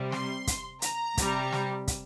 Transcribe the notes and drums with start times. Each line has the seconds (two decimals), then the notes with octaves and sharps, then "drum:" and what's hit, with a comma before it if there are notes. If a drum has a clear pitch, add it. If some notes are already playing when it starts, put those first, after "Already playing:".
Already playing: C3 G3
0.12 C6, drum: snare
0.47 drum: kick, hi-hat
0.82 A#5, drum: hi-hat
1.17 C3 G3, drum: kick, hi-hat
1.53 drum: snare
1.88 drum: kick, hi-hat